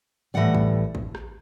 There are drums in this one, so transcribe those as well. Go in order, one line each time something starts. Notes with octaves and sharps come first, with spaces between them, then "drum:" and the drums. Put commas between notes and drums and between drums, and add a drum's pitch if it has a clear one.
A2 E3 G3 F#5
drum: kick
drum: kick
drum: rim click